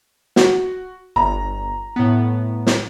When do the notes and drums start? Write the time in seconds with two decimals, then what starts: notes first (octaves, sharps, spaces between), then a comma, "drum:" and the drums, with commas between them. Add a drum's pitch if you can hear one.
0.36 F#4, drum: snare
1.16 G1 A#5
1.96 A2 B3
2.67 drum: snare